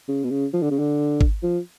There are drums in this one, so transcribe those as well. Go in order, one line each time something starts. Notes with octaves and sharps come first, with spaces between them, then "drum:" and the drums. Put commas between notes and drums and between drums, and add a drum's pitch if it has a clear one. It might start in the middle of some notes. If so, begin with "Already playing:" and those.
C#3
B2
C#3
F3
D3
C#3
D3
drum: kick G#1
F3